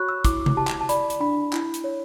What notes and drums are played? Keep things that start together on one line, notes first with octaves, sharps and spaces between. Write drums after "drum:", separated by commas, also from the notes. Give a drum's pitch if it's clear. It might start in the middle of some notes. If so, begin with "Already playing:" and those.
Already playing: F#4 C#5 B5 C#6 F#6
E6
E4 D6, drum: kick, hi-hat
drum: tom C3
G4 A5
drum: clap
A5
D5 B5, drum: hi-hat
drum: hi-hat
D4 B5
E4, drum: clap
drum: hi-hat
C#5